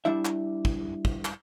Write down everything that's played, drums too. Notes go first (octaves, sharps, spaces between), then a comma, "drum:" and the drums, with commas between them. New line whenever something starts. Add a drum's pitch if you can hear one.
G3 D4 E4 E5
drum: clap
drum: kick
drum: kick
drum: clap